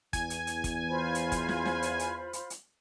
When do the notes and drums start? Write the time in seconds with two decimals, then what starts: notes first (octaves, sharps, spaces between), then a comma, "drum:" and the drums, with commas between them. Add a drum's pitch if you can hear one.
0.13 E2 G#5, drum: kick, hi-hat
0.30 drum: hi-hat
0.47 drum: hi-hat
0.64 drum: kick, hi-hat
0.89 F4 C5 B5
1.15 drum: hi-hat
1.32 drum: kick, hi-hat
1.49 drum: snare
1.66 drum: snare
1.82 drum: hi-hat
1.99 drum: hi-hat
2.33 drum: hi-hat
2.50 drum: hi-hat